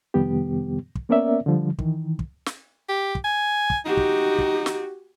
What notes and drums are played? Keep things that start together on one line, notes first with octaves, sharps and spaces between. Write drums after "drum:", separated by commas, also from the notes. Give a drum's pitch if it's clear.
F2 C3 D#3 G3 B3 G4
drum: kick
A#3 B3 C#4 A#4 D5 E5
D3 F3 G3
D#3 E3, drum: kick
drum: kick
drum: snare
G4
drum: kick
G#5
drum: kick
D#4 F#4 G4
drum: kick
drum: kick
drum: snare